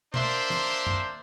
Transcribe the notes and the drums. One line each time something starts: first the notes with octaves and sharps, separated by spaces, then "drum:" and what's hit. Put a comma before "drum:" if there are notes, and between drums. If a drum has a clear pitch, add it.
A#3 D4 A#4 C5 E5 C6, drum: tom
drum: snare
drum: tom F#2